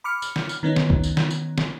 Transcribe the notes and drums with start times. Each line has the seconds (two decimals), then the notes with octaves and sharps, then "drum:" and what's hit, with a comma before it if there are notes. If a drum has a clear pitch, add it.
0.04 B5 D6 F6 C#7
0.22 drum: tambourine
0.36 drum: snare
0.49 drum: tambourine
0.63 D#3 B3 C#4 D#4
0.76 drum: snare
0.90 drum: kick
1.03 drum: tambourine
1.17 drum: snare
1.31 drum: tambourine
1.58 drum: snare